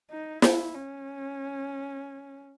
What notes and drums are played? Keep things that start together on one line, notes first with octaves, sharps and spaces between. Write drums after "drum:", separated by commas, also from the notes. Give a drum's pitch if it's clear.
D#4
E4, drum: snare
C#4